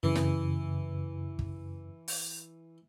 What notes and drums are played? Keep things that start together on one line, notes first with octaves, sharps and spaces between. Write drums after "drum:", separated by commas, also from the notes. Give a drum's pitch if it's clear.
F#2 C#3 E3
drum: snare
drum: kick
drum: open hi-hat